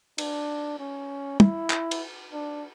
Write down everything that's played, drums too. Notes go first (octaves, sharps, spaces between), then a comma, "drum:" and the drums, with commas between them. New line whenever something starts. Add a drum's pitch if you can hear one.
D4, drum: cymbal
C#4
E4, drum: tom
drum: clap
drum: cymbal
D4